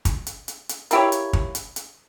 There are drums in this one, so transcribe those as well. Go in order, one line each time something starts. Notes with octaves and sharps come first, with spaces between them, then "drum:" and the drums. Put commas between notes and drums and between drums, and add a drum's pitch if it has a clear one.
drum: kick, hi-hat
drum: hi-hat
drum: hi-hat
drum: hi-hat
A#3 E4 G4 C#5, drum: hi-hat
drum: hi-hat
drum: kick
drum: hi-hat
drum: hi-hat